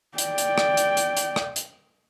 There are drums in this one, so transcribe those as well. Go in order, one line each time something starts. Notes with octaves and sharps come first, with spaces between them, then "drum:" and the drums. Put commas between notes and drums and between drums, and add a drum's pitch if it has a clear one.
D5 G5, drum: hi-hat
drum: hi-hat
drum: rim click
drum: hi-hat
drum: hi-hat
drum: hi-hat
drum: rim click
drum: hi-hat